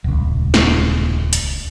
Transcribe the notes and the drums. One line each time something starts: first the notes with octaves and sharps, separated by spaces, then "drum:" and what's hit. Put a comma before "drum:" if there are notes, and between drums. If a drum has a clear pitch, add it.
D#1 C#2
drum: snare
drum: hi-hat